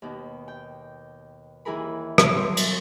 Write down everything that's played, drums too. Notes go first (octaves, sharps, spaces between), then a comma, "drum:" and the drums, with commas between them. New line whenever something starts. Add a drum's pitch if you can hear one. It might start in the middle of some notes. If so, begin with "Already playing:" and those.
D#2 B2
G5
D#2 E3 E4 G#4 A#4 B5
G4 A4 C5 C#5 E5 F5, drum: rim click
G2 B2 F#3 G3 C#4 C6
drum: cymbal